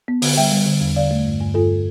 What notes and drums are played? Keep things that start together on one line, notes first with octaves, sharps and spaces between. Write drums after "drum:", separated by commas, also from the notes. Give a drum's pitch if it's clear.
B3
D3, drum: open hi-hat
G3 E5 G5
G3
D3
E2
D3 D5 F5
A3
G2
G2
G2 F4 A4